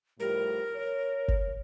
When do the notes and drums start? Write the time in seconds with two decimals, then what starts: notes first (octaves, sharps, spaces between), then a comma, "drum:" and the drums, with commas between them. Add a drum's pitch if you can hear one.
0.20 A2 F3 G3 A#4
0.76 C#5
1.28 drum: kick